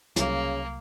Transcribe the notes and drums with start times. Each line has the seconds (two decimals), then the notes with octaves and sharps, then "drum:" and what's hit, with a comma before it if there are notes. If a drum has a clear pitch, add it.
0.16 C2 C#3 F#3 G3 A#3, drum: hi-hat